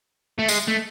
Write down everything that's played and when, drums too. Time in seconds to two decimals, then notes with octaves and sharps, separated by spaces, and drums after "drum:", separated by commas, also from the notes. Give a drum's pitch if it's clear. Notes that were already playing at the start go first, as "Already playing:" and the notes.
0.38 A3
0.48 G#3, drum: tambourine
0.68 A3